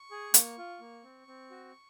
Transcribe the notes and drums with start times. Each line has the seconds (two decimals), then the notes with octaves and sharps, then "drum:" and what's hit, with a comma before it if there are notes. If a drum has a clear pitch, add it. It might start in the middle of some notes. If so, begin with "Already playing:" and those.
Already playing: C#6
0.11 G#4
0.34 A#3, drum: hi-hat
0.58 F4
0.80 A#3
1.04 C4
1.27 C4
1.50 F#4